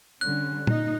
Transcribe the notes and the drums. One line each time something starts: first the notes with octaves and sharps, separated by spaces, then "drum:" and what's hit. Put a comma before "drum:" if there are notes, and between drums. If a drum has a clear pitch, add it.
D3 G3 C#4 F#6
A#2 D#4, drum: tom